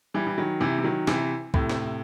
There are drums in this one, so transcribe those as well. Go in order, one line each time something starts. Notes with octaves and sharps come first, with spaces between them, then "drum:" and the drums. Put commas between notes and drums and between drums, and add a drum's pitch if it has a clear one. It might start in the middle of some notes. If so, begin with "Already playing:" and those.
E3 G3
E3
D#3 F#3
C3 E3
E3
D#3 F#3
C3 E3, drum: snare
A2 C3, drum: kick C2
drum: snare